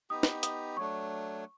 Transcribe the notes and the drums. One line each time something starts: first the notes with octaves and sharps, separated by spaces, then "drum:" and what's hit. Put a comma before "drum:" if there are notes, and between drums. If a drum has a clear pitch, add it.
B3 D#4 G4 D#6
drum: snare
D#6, drum: hi-hat
F#3 A3 D4 C#6